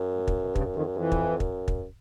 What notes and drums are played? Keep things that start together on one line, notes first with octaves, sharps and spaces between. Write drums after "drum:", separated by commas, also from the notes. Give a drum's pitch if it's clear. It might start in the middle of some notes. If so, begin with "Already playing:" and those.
Already playing: F#2
A2
A#2, drum: kick
B2
G2 C#3, drum: kick
F#2
F2 D#3
F#2
F2 E3
drum: kick
F#2, drum: kick
drum: kick